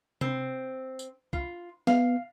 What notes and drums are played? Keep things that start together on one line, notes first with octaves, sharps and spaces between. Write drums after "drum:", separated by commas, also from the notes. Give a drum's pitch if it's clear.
C4, drum: tom C3
drum: tambourine
F4, drum: kick C2
B3 F5, drum: snare